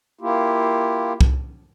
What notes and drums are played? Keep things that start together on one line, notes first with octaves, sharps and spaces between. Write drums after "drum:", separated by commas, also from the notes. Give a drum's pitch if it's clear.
A#3 E4 F4 G4
drum: kick C2